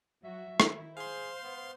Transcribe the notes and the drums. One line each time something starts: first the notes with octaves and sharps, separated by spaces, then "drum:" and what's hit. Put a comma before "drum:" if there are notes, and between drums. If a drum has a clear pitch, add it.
F#3 F#4 E5
D#3 E4, drum: rim click
G#4 C5 F5 C6
B3